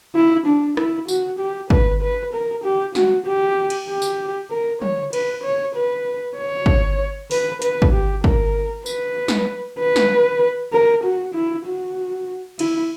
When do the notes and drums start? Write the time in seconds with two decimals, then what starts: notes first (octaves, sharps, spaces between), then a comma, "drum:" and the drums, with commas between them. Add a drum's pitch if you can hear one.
0.15 E4
0.46 D4
0.77 E4, drum: rim click
1.08 F#4, drum: tambourine
1.39 G4
1.70 B4, drum: kick
2.02 B4
2.33 A#4
2.64 G4
2.95 F#4, drum: snare
3.26 G4
3.70 drum: cymbal
3.88 G4
4.02 drum: tambourine
4.51 A#4
4.82 C#5, drum: tom
5.13 B4, drum: cymbal
5.43 C#5
5.75 B4
6.37 C#5
6.66 drum: kick
7.31 B4, drum: open hi-hat
7.62 B4, drum: hi-hat
7.82 drum: kick
7.93 G4
8.24 A#4, drum: kick
8.86 B4, drum: tambourine
9.28 drum: snare
9.79 B4
9.96 drum: snare
10.73 A#4
11.04 F#4
11.34 E4
11.66 F#4
12.59 E4, drum: cymbal